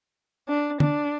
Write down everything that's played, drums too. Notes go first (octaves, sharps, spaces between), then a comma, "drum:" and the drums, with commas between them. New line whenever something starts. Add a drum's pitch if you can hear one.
D4
D4, drum: tom